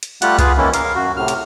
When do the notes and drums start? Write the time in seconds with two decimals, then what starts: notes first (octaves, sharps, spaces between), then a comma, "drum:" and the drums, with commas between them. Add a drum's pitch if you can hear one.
0.03 drum: hi-hat
0.22 G3 A3 F4 G4 F#5 F#6, drum: hi-hat
0.39 F4 G#4 B4, drum: kick C2, hi-hat
0.57 D#3 E3 G#3 A#3 C#4 E4
0.74 A#4 F5, drum: hi-hat
0.95 F#2 F#4
1.17 A2 C3 F6
1.28 drum: hi-hat